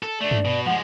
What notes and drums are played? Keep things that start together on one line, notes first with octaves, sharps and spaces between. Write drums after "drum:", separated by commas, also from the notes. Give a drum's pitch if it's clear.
A4
A3 D4 D5
drum: tom G2
B2
F3 G#3 F#5